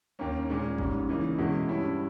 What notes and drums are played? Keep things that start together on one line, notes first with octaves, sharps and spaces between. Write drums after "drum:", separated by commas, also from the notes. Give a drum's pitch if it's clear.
D#2 D#3 A#3 C#4
A#2 G#3 C#4
G#2 G3 C#4, drum: kick G#1
C#3 E3 A#3 D#4
E2 B2 G#3 C#4 E4
G2 G3 C#4 E4